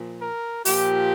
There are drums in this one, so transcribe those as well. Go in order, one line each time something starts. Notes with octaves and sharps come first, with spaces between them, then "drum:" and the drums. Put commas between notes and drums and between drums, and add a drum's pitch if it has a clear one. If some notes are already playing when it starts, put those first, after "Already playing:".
Already playing: A#2 F3
A#4
A#2 F3 G4, drum: open hi-hat